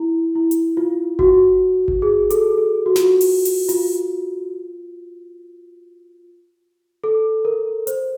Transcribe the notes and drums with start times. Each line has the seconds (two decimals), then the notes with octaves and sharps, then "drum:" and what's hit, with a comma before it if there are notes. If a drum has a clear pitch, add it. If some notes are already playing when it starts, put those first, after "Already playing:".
Already playing: E4
0.35 E4
0.51 drum: hi-hat
0.77 F4
1.19 F#4, drum: kick G1
1.88 drum: kick G1
2.02 G#4
2.30 A4, drum: hi-hat
2.58 A4
2.86 F#4
2.96 F4, drum: snare
3.04 F#4
3.21 drum: open hi-hat
3.45 drum: open hi-hat
3.69 F4, drum: open hi-hat
7.04 A4
7.45 A#4
7.87 C5, drum: hi-hat